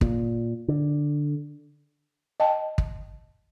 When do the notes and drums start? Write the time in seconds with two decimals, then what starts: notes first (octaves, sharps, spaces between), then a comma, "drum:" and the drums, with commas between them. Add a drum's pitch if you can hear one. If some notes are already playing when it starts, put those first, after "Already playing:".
0.01 A#2, drum: kick
0.68 D3
2.40 D#5 G5 A5
2.78 drum: kick